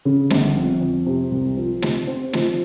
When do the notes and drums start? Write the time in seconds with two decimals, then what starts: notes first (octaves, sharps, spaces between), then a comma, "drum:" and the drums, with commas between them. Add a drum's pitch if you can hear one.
0.05 C#3
0.30 G1, drum: snare
0.56 F2
0.81 F2
1.06 C3
1.32 C2
1.57 F3
1.82 C3, drum: snare
2.07 C4
2.33 F3, drum: snare